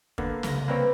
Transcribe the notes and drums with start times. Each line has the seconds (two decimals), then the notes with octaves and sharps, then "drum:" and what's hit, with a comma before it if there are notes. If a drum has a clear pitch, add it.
0.18 D3 A#3 B3, drum: kick
0.43 C2 C#3 A#6, drum: snare
0.68 A#3 C4 B4 C#5 D5 E6